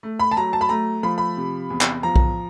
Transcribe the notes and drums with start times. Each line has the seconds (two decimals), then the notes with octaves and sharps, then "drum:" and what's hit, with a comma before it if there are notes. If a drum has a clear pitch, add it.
0.03 A3
0.20 B5
0.31 A5
0.37 F#3 A#5
0.53 A5
0.61 B5
0.69 A3 A#5
1.03 F3 B5
1.18 B5
1.37 C3
1.70 E2
1.81 drum: clap
2.03 F3 A#5
2.16 drum: kick B1